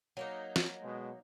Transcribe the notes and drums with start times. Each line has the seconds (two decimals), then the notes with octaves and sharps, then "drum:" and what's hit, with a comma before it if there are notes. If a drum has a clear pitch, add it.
0.17 F#3 A#3 D#4
0.56 drum: snare
0.81 B2 G#3